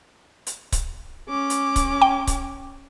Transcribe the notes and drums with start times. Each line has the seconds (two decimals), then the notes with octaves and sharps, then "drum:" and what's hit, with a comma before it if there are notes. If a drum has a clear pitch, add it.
0.47 drum: hi-hat
0.72 drum: kick C#1, hi-hat
1.29 C#4 D6
1.50 drum: hi-hat
1.76 drum: kick C#1, hi-hat
2.02 G5
2.27 drum: kick C#1, hi-hat